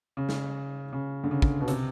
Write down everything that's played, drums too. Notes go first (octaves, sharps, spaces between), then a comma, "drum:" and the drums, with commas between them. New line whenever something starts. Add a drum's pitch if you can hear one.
C#3
drum: snare
C#3
D3
C#3
drum: kick
B2
C3, drum: hi-hat